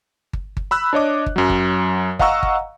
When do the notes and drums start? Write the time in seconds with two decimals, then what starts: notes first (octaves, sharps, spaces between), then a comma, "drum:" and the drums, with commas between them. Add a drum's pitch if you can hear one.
0.33 drum: kick G1
0.57 drum: kick G1
0.71 B5 E6 F#6
0.93 D4 C#5 D#5 D6
1.26 drum: kick G1
1.36 F#2 F#3
1.50 drum: kick G1
2.19 D#5 F5 F#5 A#5 C#6 E6, drum: kick G1
2.43 drum: kick G1